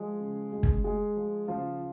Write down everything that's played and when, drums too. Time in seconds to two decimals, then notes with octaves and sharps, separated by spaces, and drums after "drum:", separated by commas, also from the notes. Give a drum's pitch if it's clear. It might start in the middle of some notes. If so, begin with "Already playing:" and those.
Already playing: F3 G#3 G#4
0.20 C#3
0.52 G#3
0.63 drum: kick
0.84 G#3 G#4
1.17 F3
1.48 C#3 F3 F4